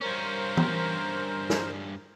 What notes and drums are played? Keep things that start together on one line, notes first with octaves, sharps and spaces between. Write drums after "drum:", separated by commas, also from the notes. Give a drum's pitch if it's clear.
G2 C#4 A#4 C5
drum: tom E3
drum: snare